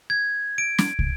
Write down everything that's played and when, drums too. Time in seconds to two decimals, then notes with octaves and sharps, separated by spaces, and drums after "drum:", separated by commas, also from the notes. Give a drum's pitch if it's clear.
0.10 G#6
0.58 D7
0.78 drum: snare
0.99 drum: kick